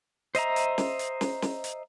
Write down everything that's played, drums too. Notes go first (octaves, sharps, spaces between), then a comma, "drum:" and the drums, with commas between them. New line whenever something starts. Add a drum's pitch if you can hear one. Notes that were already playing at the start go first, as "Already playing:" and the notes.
C5 D#5 E5 A#5, drum: hi-hat
drum: hi-hat
drum: snare
drum: hi-hat
drum: snare
drum: snare
drum: hi-hat